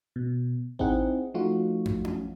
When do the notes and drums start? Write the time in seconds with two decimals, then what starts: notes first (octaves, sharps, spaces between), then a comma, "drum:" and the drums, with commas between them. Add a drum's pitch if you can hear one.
0.16 B2
0.79 C4 D#4 E4 G#4 F#5, drum: kick A1
1.34 F3 A3 D#4 F4 F#4
1.86 drum: tom
2.05 drum: tom